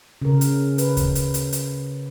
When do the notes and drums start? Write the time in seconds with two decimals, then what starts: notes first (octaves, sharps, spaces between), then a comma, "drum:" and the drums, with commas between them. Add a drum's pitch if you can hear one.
0.22 C#3 A#4
0.41 drum: hi-hat
0.78 B4, drum: hi-hat
0.97 drum: kick D2, hi-hat
1.15 drum: hi-hat
1.34 drum: hi-hat
1.53 drum: hi-hat